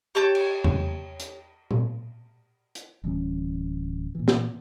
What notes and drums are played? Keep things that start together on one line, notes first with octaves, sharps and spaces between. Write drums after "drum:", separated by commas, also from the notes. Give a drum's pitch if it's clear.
G4 C#5 A5 G6
drum: cymbal
drum: tom E2
drum: hi-hat
drum: tom A#2
drum: hi-hat
D1 E3 G3 C#4
A#2 E3
drum: snare